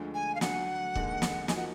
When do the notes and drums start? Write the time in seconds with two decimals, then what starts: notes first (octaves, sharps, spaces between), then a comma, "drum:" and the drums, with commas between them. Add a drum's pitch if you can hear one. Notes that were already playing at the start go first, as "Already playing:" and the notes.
Already playing: D2 D3 F3 G#3
0.14 G#5
0.35 F5
0.41 D2 D3 F#3 F#5, drum: snare
0.95 D#2 D3 G#3, drum: kick
1.22 drum: snare
1.48 F3 A#3 D#4 F#4 G#5, drum: snare
1.56 F#5